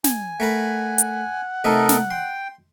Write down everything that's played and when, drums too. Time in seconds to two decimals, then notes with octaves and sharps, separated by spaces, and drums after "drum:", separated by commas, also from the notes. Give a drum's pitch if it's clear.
0.04 G#5, drum: snare
0.40 A3 A#4 B4 F#5
0.98 drum: hi-hat
1.64 C3 A3 D#4 A4 A#4 D#5
1.89 drum: snare
2.11 G5 C6